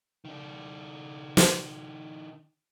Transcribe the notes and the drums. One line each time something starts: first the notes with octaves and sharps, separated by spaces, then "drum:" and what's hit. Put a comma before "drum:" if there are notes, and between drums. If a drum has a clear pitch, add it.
D#3 D4
drum: snare